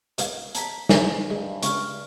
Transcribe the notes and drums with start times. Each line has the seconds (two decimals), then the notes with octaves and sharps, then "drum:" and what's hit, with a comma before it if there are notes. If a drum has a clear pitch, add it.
0.18 B2 B3 F5, drum: hi-hat
0.55 A5 A#5 B6, drum: hi-hat
0.89 G#5, drum: snare
1.30 G2 G#3
1.63 C#2 C#6 F6, drum: hi-hat